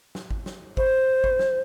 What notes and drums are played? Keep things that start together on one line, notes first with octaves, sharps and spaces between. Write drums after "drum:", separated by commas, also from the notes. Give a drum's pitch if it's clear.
drum: snare
drum: kick G#1
drum: snare
C5, drum: kick G#1
drum: kick G#1
drum: snare